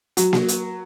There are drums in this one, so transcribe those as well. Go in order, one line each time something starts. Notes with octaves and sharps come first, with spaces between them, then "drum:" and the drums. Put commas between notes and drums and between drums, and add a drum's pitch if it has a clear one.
F#3, drum: hi-hat
drum: snare A#3
drum: hi-hat